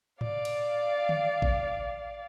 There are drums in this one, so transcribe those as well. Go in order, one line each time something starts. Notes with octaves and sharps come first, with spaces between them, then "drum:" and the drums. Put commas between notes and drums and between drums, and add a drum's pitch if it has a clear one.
D5 F5, drum: tom G#2
drum: cymbal
drum: tom D3
drum: kick A1